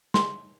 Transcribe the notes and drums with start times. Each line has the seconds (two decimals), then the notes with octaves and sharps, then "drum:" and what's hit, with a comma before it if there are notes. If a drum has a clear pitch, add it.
0.14 C6, drum: snare